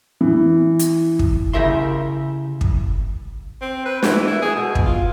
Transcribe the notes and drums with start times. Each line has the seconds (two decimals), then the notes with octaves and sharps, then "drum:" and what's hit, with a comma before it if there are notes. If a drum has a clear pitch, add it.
0.21 E3
0.79 drum: hi-hat
1.19 drum: kick
1.53 C#3 E4 G4 A#4 E5 C6
2.61 drum: kick
3.61 C4
3.86 B4
4.03 E3, drum: snare
4.27 E4
4.42 G#4
4.55 B2
4.75 drum: kick
4.85 F4